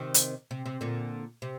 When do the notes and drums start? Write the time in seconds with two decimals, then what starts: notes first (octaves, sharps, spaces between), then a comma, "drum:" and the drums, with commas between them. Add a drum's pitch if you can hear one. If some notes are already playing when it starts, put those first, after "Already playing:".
Already playing: C3 D#3
0.14 drum: hi-hat
0.51 C3
0.66 C3
0.81 A#2 D3
1.42 C3